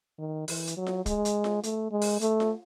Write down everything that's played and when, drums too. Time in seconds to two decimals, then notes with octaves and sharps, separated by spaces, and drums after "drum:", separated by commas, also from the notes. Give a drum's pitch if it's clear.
0.19 D#3
0.48 E3, drum: open hi-hat
0.67 drum: hi-hat
0.77 F#3
0.87 drum: snare F4
1.06 G#3, drum: kick, hi-hat
1.25 drum: hi-hat
1.44 drum: snare F4
1.63 A3, drum: hi-hat
1.91 G#3
2.02 drum: open hi-hat
2.21 A3, drum: hi-hat
2.40 drum: snare F4